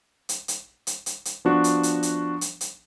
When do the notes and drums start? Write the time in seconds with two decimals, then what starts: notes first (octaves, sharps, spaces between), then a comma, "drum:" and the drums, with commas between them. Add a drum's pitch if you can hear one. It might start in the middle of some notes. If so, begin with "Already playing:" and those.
0.29 drum: hi-hat
0.48 drum: hi-hat
0.87 drum: hi-hat
1.06 drum: hi-hat
1.25 drum: hi-hat
1.45 F3 B3 D4 F#4
1.64 drum: hi-hat
1.83 drum: hi-hat
2.03 drum: hi-hat
2.41 drum: hi-hat
2.61 drum: hi-hat